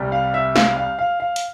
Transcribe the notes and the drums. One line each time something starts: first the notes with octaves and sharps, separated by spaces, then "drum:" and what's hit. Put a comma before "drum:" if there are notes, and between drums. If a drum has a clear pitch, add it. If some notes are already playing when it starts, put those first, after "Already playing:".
Already playing: C2 C3 G3
F5
E5
F5, drum: snare
F5
F5
F5
drum: hi-hat